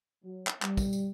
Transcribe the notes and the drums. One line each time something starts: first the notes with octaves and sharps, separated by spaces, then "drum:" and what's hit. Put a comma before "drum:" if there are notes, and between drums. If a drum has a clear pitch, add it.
F#3
drum: clap
G3, drum: clap
drum: kick, tambourine
drum: tambourine